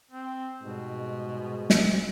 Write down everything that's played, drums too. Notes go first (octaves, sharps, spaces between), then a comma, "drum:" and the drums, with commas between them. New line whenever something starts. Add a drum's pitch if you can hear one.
C4
G#2 B2 G3 G#3
drum: snare